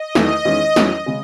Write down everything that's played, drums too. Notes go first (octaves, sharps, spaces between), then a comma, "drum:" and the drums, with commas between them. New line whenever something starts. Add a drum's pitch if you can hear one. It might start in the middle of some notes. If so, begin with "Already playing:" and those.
Already playing: D#5
E2 D#3 A3, drum: snare
E2 D#3 G#3 C#4
E2 D#3 F#3 A3 C#4, drum: snare
C#3 G#3